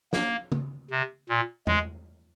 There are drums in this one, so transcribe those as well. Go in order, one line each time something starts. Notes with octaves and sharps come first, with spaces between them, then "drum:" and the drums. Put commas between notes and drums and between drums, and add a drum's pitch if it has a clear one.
A#3, drum: snare
drum: tom C#3
C3
A#2
G#3, drum: tom E2